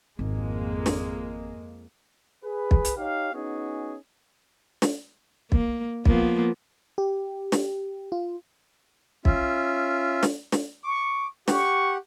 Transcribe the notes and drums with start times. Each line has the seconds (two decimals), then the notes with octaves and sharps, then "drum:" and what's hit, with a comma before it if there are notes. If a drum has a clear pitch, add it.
0.19 G#1 F2 G#3 A#3
0.86 drum: snare
2.43 G#4 B4
2.71 drum: kick
2.85 drum: hi-hat
2.97 D#4 G4 C#5 F5
3.33 B3 C#4 D#4 F#4 G#4
4.82 drum: snare
5.52 A#3, drum: kick
6.05 F3 A#3 B3, drum: kick
6.98 G4
7.52 drum: snare
8.12 F4
9.25 C#4 F4 E5, drum: kick
10.23 drum: snare
10.52 drum: snare
10.84 C#6 D6
11.48 G4 F#5 C#6, drum: snare